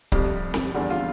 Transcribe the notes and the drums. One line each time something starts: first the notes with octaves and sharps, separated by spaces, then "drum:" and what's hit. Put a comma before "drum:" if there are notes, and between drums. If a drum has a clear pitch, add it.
F2 C3 G3, drum: kick C#1
drum: snare C4
E2 D3 G3
F4